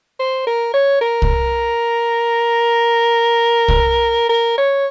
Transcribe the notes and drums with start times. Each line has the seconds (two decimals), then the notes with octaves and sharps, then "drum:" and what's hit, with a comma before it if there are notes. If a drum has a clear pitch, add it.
0.20 C5
0.47 A#4
0.74 C#5
1.01 A#4
1.22 drum: kick C2
3.68 drum: kick C2
4.29 A#4
4.58 C#5